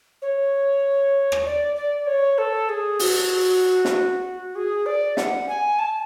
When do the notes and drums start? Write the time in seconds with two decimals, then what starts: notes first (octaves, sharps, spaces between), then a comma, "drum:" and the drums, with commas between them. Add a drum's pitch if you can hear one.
0.22 C#5
1.32 drum: rim click
1.45 D5
1.76 D5
2.06 C#5
2.38 A4
2.69 G#4
2.99 F#4, drum: open hi-hat
3.85 drum: snare
4.55 G#4
4.86 D5
5.17 F#5, drum: snare
5.48 G#5
5.79 A5